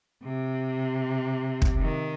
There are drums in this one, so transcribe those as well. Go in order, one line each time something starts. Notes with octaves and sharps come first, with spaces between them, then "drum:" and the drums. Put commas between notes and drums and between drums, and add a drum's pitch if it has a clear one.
C3
drum: kick
D#3